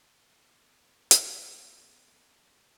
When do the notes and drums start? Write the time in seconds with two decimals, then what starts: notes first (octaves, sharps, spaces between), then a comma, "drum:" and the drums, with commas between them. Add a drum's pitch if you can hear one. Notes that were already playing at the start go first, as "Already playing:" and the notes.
0.21 A3 B3
1.11 drum: hi-hat